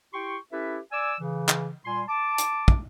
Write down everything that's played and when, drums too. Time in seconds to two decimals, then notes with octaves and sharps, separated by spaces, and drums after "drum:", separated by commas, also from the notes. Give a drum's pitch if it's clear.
0.14 E4 G4 G5 C6 C#6
0.51 C#4 E4 G4 A4 B4 E5
0.92 D5 G#5 D6 E6
1.20 C#3 E3
1.49 drum: clap
1.85 A#2 G3 G#5 C6
2.08 A5 D6
2.38 drum: hi-hat
2.68 drum: kick